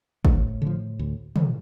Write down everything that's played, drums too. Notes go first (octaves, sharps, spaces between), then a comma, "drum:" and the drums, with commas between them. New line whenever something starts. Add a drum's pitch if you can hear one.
D2 A2, drum: kick
D3 F3
D2
D3 F3, drum: tom